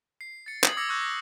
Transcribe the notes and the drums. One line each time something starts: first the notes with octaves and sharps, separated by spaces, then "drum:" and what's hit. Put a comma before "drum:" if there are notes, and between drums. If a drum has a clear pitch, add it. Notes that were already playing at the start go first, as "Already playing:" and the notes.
C7
A6 C#7
D#6 G#6 C7 F#7, drum: clap
D6 E6 G#6 A#6 C#7
C#6 D6 E6 F#6 G6 A#6
A#6